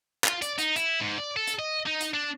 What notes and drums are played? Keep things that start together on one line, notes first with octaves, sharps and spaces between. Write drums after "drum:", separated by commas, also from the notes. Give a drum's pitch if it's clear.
F4, drum: clap
D5, drum: hi-hat
D#4, drum: hi-hat
E4, drum: hi-hat
G#2
D5
A4
drum: hi-hat
D#5
D#4
drum: hi-hat
D4